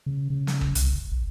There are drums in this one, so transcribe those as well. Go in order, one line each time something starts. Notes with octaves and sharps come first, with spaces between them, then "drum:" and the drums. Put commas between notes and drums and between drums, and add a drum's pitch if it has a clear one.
C#3
C#3
drum: snare
drum: kick
C2, drum: hi-hat
G1
A#1